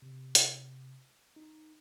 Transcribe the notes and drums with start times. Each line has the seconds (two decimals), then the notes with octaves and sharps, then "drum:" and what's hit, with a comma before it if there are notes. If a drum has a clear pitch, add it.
0.02 C3
0.35 drum: hi-hat
1.36 D#4